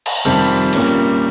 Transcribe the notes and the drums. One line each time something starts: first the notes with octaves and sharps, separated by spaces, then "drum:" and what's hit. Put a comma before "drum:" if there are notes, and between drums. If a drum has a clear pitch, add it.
drum: cymbal
F2 C3 D#3 G3 C4 A5
A#2 G3 A#3 C#4, drum: cymbal